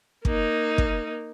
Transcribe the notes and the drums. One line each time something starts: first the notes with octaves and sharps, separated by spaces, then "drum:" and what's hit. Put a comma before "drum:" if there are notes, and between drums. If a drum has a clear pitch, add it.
A#3 D#4, drum: kick
drum: kick